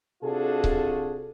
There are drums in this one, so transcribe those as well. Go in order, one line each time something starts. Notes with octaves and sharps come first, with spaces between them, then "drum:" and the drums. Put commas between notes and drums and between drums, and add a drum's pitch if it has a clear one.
C3 D4 F4 F#4 G#4 A4
drum: kick C#1